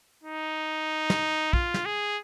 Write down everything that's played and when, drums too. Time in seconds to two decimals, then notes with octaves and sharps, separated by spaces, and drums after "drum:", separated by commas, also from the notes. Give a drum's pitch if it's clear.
0.23 D#4
1.10 drum: snare
1.53 F4, drum: kick
1.74 drum: snare
1.85 G#4